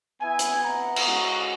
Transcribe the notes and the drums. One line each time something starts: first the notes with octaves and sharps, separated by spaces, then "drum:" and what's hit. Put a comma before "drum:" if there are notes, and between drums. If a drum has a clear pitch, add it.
B3 E4 E5 G#5
drum: hi-hat
F#5 A#5
drum: cymbal
G#3 C#4 F#4